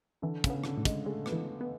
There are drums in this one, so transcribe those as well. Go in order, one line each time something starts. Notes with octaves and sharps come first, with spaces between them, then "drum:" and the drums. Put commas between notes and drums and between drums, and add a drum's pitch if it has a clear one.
D3 E3
C#3, drum: kick, hi-hat
B3
D3, drum: rim click
A2
G#3, drum: kick, hi-hat
G#3 A3
B3, drum: rim click
E3
B3